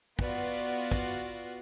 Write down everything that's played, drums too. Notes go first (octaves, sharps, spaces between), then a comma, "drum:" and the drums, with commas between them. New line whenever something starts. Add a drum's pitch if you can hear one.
B3 F4 F#4 D5, drum: kick
drum: kick